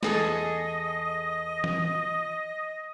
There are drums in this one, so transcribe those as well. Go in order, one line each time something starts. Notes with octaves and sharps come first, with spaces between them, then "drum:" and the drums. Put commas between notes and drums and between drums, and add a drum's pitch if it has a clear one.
E2 G#4 A4 D#5, drum: snare
drum: tom E3